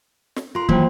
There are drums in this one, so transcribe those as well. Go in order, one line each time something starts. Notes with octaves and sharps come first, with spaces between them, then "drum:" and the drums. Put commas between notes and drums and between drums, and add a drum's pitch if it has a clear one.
drum: snare
F4 A#4 C6
D#3 E3 F#3 A#3 C5 G5, drum: kick